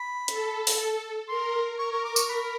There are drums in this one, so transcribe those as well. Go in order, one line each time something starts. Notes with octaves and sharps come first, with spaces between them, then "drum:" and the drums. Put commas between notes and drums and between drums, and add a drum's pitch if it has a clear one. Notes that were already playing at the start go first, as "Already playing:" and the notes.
Already playing: B5
A4, drum: hi-hat
drum: open hi-hat
A#4 C6
A#4 C#6
C#6
D6
C#6, drum: tambourine
B5